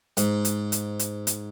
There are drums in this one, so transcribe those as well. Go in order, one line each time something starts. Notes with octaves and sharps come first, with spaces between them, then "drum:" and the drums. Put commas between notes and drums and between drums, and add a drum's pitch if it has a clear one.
G#2, drum: hi-hat
drum: hi-hat
drum: hi-hat
drum: hi-hat
drum: hi-hat